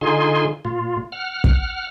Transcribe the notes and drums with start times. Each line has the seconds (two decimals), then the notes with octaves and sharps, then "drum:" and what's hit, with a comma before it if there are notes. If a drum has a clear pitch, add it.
0.01 D3 D#4 F4 G#4 G#5 C6
0.65 A#2 F4
1.12 F#5 F6
1.44 drum: kick